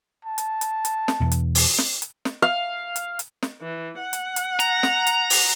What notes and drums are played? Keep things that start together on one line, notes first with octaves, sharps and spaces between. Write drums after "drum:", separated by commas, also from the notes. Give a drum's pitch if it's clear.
A5
drum: hi-hat
drum: hi-hat
drum: hi-hat
drum: snare
E2 B2
drum: hi-hat
drum: open hi-hat
drum: snare
drum: hi-hat
drum: snare
F5
drum: hi-hat
drum: hi-hat
drum: snare
E3
F#5
drum: hi-hat
drum: hi-hat
A#5, drum: hi-hat
drum: snare
drum: hi-hat
drum: open hi-hat